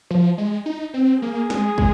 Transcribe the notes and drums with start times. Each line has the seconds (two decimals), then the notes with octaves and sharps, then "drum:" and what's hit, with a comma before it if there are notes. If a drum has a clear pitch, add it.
0.11 F3
0.38 G#3
0.66 D#4
0.94 C4
1.22 A#3 G#4
1.50 G#3, drum: snare
1.78 G#3, drum: kick